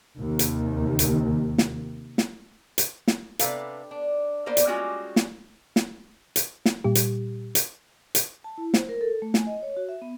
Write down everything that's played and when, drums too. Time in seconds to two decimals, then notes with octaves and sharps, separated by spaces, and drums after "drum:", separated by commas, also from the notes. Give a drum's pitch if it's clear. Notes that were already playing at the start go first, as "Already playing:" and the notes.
0.17 D#2 C3
0.39 drum: hi-hat
0.99 drum: hi-hat
1.58 drum: snare
2.18 drum: snare
2.78 drum: hi-hat
3.08 drum: snare
3.39 C3 D4 A4 B4 F5 A#5, drum: hi-hat
3.91 D4
4.46 A#3 B3 A#4 C5 D5
4.57 drum: hi-hat
4.66 G3 G#3 A#3 C#4 F4 F#4
5.16 drum: snare
5.76 drum: snare
6.36 drum: hi-hat
6.65 drum: snare
6.84 A#2 G3 G4
6.95 drum: hi-hat
7.55 drum: hi-hat
8.15 drum: hi-hat
8.44 A5
8.58 E4
8.74 C5, drum: snare
8.89 A#4
9.01 A4
9.22 A3
9.34 G#5, drum: snare
9.47 D#5
9.63 C#5
9.77 F#4
9.89 E5
10.02 B3